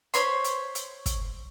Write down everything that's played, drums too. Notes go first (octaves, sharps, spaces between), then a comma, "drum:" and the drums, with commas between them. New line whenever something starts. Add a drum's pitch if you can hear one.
C5 C#5 B5 C6, drum: hi-hat
drum: hi-hat
drum: hi-hat
drum: kick, hi-hat